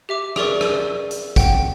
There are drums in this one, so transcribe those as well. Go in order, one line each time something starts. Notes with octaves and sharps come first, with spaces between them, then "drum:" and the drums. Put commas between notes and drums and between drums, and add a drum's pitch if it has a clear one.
G4 E5 D6
G4 G#4 A#4 D5 C#6, drum: rim click
drum: rim click
drum: hi-hat
F#5 G5, drum: kick G#1, hi-hat